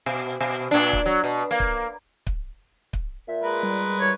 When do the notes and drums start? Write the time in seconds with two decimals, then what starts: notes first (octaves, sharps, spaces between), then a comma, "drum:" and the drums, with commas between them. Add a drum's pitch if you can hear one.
0.06 B2
0.41 B2
0.71 A#2 D4
0.93 drum: kick C#1
1.06 F#3
1.24 B2
1.51 A#3
1.60 drum: kick C#1
2.27 drum: kick C#1
2.93 drum: kick C#1
3.28 A#2 E5
3.43 G#3 A#4 B4
3.63 G3
4.00 E3 C#5